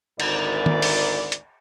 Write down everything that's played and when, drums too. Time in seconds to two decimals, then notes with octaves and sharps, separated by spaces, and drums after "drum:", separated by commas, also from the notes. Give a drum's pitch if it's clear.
0.20 G#1 D2 G#2 E4 A#4 D5, drum: cymbal
0.66 drum: tom D#3
0.82 drum: open hi-hat
1.32 drum: hi-hat